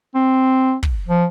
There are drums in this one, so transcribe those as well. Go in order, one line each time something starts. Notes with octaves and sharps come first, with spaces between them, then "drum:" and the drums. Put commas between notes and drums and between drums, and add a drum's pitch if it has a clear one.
C4
drum: kick
F3